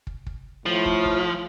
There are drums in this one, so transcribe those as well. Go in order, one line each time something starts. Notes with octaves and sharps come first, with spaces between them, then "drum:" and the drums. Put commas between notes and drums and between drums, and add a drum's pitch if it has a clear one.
drum: kick
drum: kick
A2 F3
drum: kick
drum: kick